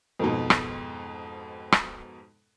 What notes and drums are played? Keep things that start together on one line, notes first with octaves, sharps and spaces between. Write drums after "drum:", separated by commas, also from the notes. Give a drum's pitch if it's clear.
F2 G#2 B2
drum: rim click
drum: rim click